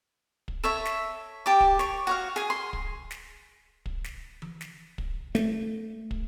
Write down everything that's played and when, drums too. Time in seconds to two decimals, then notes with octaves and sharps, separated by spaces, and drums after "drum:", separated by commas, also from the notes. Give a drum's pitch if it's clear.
0.48 drum: kick
0.64 A4 C#5 E5
0.85 drum: snare
1.46 G4 A5 D6
1.60 drum: kick
1.79 C#5, drum: snare
2.07 F#4 C#5 F5
2.36 G#4 G#5, drum: snare
2.50 C6
2.73 drum: kick
3.11 drum: snare
3.86 drum: kick
4.04 drum: snare
4.42 drum: tom E3
4.61 drum: snare
4.98 drum: kick
5.35 A3, drum: snare
6.11 drum: kick